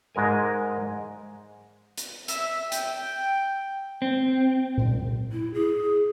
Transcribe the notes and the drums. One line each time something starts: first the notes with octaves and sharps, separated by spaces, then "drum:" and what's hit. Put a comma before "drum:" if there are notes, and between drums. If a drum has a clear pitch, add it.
G#2 G#3 A#4 G#5
drum: hi-hat
E5, drum: hi-hat
G5, drum: hi-hat
C4
drum: tom A#2
E4
G#4